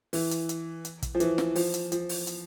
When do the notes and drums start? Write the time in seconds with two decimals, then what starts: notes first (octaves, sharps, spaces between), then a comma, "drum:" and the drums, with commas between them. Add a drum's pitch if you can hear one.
0.13 E3, drum: open hi-hat
0.31 drum: hi-hat
0.49 drum: hi-hat
0.85 drum: hi-hat
1.02 drum: kick, hi-hat
1.15 F3
1.20 E3, drum: hi-hat
1.38 drum: snare
1.56 F3, drum: open hi-hat
1.74 drum: hi-hat
1.92 F3, drum: hi-hat
2.09 drum: open hi-hat
2.27 drum: hi-hat